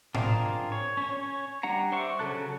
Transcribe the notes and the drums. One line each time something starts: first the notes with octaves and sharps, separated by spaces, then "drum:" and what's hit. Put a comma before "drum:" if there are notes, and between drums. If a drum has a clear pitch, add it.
C4 D4 F4 G#4 A#4, drum: tom A2
C#5
C#4 C#5
G3 D4 F#5 A#5
C5 D5 E5 F#5 C#6
C#3 F#3 A4 A5 F#6